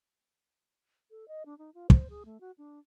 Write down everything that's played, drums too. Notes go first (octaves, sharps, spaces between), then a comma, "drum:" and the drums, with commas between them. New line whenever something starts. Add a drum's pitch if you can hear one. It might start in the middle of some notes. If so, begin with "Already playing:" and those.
A4
D#5
D4
D#4
F4
C5, drum: kick
G#4
A3
F#4
D4